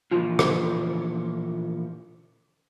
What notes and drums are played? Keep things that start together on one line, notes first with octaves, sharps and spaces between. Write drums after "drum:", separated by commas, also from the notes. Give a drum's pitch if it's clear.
A#2 E3 F3 F4
drum: rim click